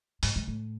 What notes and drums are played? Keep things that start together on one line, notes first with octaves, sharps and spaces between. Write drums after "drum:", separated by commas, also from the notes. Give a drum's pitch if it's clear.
G#2, drum: open hi-hat
G#2
A2